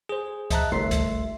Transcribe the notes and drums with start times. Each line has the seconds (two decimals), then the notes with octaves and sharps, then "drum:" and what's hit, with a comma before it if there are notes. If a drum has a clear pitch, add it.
0.09 G#4 C5
0.50 D#5 E5 A5 A#5 F#6, drum: kick C#2, hi-hat
0.72 G1 C2 A3 E5 C6 C7
0.91 drum: kick C#2, hi-hat